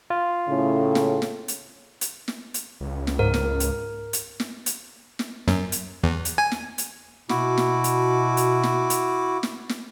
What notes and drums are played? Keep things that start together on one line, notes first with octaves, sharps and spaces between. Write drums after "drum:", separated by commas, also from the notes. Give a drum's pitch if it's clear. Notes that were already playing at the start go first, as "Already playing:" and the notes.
F4
A2 C#3
drum: snare
drum: snare
drum: hi-hat
drum: hi-hat
drum: snare
drum: hi-hat
C#2
drum: snare
G#2 A#4
drum: snare
drum: hi-hat
drum: hi-hat
drum: snare
drum: hi-hat
drum: snare
F#2, drum: snare
drum: hi-hat
E2
drum: hi-hat
G#5
drum: snare
drum: hi-hat
B2 E4 F#4 D6, drum: snare
drum: snare
drum: hi-hat
drum: hi-hat
drum: snare
drum: hi-hat
drum: snare
drum: snare